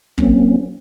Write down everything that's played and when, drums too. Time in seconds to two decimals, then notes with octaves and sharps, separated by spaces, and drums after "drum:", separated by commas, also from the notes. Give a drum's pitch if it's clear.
0.18 F#3 A#3 C4 C#4, drum: kick